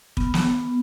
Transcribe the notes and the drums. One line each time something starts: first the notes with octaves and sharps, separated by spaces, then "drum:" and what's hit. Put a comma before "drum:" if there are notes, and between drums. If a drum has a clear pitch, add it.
B3, drum: kick
drum: snare